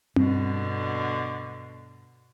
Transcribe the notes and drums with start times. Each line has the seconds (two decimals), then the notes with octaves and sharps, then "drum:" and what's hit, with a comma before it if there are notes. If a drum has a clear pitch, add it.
0.16 G2 B2 D3, drum: tom C4